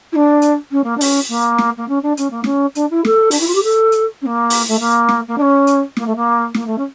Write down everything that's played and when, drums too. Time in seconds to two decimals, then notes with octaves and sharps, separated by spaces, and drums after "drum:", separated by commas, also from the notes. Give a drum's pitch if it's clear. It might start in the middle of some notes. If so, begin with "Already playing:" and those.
0.12 E4
0.15 D4
0.42 drum: hi-hat
0.71 C#4
0.83 A#3
0.97 D4
1.01 C#4, drum: open hi-hat
1.29 A#3
1.58 drum: snare
1.77 A#3
1.88 C#4
2.02 D4
2.17 C#4, drum: hi-hat
2.30 A#3
2.44 C#4, drum: snare
2.75 D4, drum: hi-hat
2.90 E4
3.05 A4, drum: snare
3.31 D4, drum: open hi-hat
3.40 E4
3.47 F4
3.54 G4
3.63 A4
3.92 drum: hi-hat
4.21 C#4
4.26 A#3
4.50 drum: open hi-hat
4.68 A3
4.79 A#3
5.09 drum: snare
5.28 A#3
5.37 D4
5.41 C#4
5.67 drum: hi-hat
5.97 A#3, drum: snare
6.06 A3
6.16 A#3
6.54 A#3, drum: snare
6.66 A3
6.77 C#4